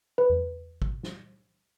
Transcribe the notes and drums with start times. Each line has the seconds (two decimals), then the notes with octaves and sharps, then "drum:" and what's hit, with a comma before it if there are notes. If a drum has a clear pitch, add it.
0.18 B4
0.29 drum: tom E2
0.82 drum: kick G#1
1.03 drum: snare